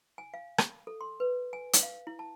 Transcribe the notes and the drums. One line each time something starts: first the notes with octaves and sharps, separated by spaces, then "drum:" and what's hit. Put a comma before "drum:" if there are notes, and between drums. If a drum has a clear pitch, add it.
G#5
F5
drum: rim click
A4
C6
B4
G#5
drum: hi-hat
F5
E4
A5